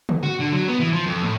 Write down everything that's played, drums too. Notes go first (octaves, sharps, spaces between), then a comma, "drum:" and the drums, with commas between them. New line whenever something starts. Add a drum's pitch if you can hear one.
drum: tom C#3
F#4
D3
F#3
B3
E3
F3
F2
A2